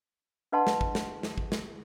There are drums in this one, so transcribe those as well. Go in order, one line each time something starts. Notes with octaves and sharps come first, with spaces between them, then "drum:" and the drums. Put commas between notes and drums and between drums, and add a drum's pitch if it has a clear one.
D4 B4 D#5 F#5 A5 C6
drum: snare
drum: kick
drum: snare
drum: snare
drum: kick
drum: snare